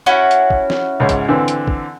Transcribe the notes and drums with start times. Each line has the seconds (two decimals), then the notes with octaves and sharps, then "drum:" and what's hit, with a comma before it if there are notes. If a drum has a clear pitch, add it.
0.06 C#4 E4 F#4
0.31 drum: hi-hat
0.50 drum: kick
0.70 drum: snare
1.00 C#2 G#2 C#5
1.09 drum: kick, hi-hat
1.28 D3 E3 C4
1.48 drum: hi-hat
1.67 drum: kick